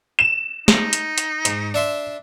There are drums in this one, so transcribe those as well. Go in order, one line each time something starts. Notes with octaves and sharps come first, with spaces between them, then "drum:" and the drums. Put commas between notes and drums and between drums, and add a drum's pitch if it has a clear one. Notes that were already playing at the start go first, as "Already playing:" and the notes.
E7
D#4, drum: snare
drum: hi-hat
drum: hi-hat
G#2, drum: hi-hat
D4 E5 C6